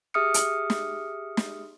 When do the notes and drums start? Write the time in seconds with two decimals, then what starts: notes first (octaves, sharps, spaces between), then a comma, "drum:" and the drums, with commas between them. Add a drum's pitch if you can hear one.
0.14 G4 G#4 E5 D#6 F6 C#7
0.34 drum: hi-hat
0.70 drum: snare
1.37 drum: snare